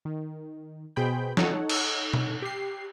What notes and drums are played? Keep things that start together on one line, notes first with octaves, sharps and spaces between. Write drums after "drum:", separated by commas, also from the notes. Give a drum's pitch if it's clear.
D#3
B2 G#4 C5 G5 B5 G6
D#4 A4 C#5 F#5, drum: snare
drum: cymbal
drum: tom
G4 C7